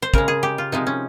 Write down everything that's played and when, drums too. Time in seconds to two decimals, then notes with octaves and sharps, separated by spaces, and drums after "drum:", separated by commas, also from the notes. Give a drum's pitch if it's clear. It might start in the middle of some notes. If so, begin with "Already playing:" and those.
0.02 C5
0.14 C#3 G#3 A#4, drum: kick
0.28 G#4
0.43 G4
0.58 F4
0.72 C3 F3 G#3 D#4
0.87 C#4